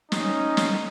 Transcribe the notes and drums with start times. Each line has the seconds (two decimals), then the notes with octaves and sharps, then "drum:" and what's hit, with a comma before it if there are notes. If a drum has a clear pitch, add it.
0.12 C#4 D#4, drum: snare
0.57 drum: snare